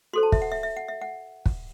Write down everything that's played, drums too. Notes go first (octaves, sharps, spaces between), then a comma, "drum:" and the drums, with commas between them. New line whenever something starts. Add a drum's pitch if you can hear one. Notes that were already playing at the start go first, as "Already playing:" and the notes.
F#4 A4 C5 C6
A5
E5, drum: kick
F#5
E5
E5
F#5
E5
F#5
drum: kick